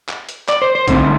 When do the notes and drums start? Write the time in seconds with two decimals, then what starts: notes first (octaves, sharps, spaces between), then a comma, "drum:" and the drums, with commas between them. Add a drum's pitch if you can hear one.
0.09 drum: clap
0.29 drum: hi-hat
0.49 D5, drum: clap
0.62 C5
0.75 C5
0.88 D3 A3 C4 D#4, drum: kick A#1, hi-hat